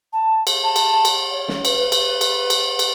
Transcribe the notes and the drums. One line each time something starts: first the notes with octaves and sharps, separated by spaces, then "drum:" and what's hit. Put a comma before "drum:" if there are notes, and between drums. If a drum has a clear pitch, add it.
A5
drum: cymbal
A5
drum: cymbal
drum: cymbal
C#5
drum: snare
B4, drum: cymbal
B4
drum: cymbal
drum: cymbal
drum: cymbal
drum: cymbal